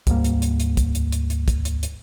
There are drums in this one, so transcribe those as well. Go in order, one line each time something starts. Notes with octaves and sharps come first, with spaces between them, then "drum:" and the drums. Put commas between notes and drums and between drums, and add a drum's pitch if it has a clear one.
D2 G#2 G3 A#3, drum: kick, hi-hat
drum: hi-hat
drum: hi-hat
drum: hi-hat
drum: kick, hi-hat
drum: hi-hat
drum: hi-hat
drum: hi-hat
drum: kick, hi-hat
drum: hi-hat
drum: hi-hat